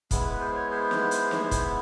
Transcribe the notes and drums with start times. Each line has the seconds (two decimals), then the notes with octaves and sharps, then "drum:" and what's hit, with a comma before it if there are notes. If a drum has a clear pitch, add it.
0.11 G#3 B3 E4, drum: kick, hi-hat
0.25 B4
0.41 C5
0.56 C#5
0.71 C5
0.91 drum: snare
1.11 drum: hi-hat
1.31 drum: snare
1.51 drum: kick, hi-hat